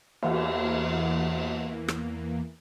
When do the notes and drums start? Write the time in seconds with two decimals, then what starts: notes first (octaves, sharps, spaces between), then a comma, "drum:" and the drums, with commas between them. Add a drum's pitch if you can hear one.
0.22 E2 E3 A#3, drum: cymbal
1.88 drum: rim click